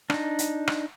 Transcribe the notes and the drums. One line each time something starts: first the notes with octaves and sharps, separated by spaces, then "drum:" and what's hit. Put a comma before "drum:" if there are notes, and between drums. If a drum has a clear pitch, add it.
D4 D#4, drum: rim click
drum: hi-hat
drum: rim click